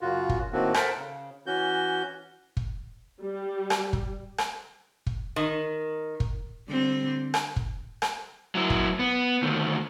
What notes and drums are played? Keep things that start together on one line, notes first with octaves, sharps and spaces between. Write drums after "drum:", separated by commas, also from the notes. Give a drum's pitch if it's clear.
F#2 C#3 F4 F#4
drum: kick
A2 D#3 A3 A#3 C4 F#4
A4 A#4 C5 E5 F#5 G5, drum: rim click
C#3
E3 C#4 F#4 G6
drum: kick
G3
drum: rim click
drum: kick
drum: rim click
drum: kick
D#3
drum: kick
D3 G3 C4
drum: rim click
drum: kick
drum: rim click
F#3 E4
drum: kick
B3
D2 D#3